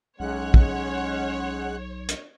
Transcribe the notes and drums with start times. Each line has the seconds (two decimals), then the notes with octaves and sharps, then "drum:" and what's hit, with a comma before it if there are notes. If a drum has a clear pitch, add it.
0.20 B1 G#3 C#4 C#5 F#5 F#6
0.54 drum: kick
2.09 drum: hi-hat